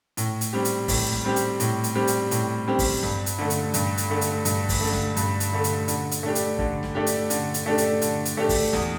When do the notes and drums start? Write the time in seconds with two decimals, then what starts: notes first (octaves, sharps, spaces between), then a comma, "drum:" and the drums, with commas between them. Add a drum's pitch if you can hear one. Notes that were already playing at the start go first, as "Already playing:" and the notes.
0.17 A2, drum: hi-hat
0.41 drum: hi-hat
0.53 G3 C4 G4
0.65 drum: hi-hat
0.88 A2, drum: kick, open hi-hat
1.12 drum: snare
1.24 G3 C4 G4
1.36 drum: hi-hat
1.60 A2, drum: hi-hat
1.84 drum: hi-hat
1.95 G3 C4 G4
2.07 drum: hi-hat
2.31 A2, drum: hi-hat
2.67 G3 C4 G4
2.79 drum: kick, open hi-hat
3.03 G2, drum: snare
3.26 drum: hi-hat
3.38 D3 A3
3.50 drum: hi-hat
3.74 G2, drum: hi-hat
3.98 drum: hi-hat
4.10 D3 A3
4.21 drum: hi-hat
4.45 G2, drum: hi-hat
4.69 drum: kick, open hi-hat
4.81 D3 A3
4.93 drum: snare
5.17 G2, drum: hi-hat
5.40 drum: hi-hat
5.52 D3 A3
5.64 drum: hi-hat
5.88 D3, drum: hi-hat
6.11 drum: hi-hat
6.23 A3 D4 G4
6.35 drum: hi-hat
6.59 D3, drum: kick
6.83 drum: snare
6.95 A3 D4 G4
7.07 drum: hi-hat
7.30 D3, drum: hi-hat
7.54 drum: hi-hat
7.66 A3 D4 G4
7.78 drum: hi-hat
8.02 D3, drum: hi-hat
8.25 drum: hi-hat
8.37 A3 D4 G4
8.49 drum: kick, open hi-hat
8.73 E2, drum: snare